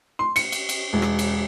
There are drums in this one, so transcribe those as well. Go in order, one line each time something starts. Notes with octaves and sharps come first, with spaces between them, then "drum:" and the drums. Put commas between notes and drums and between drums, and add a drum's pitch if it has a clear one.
C6
C#7, drum: cymbal
drum: cymbal
drum: cymbal
E1
drum: rim click
drum: cymbal